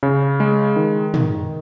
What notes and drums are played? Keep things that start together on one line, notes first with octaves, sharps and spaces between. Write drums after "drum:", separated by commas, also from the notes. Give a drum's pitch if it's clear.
C#3
G#3
D#3
D#3, drum: tom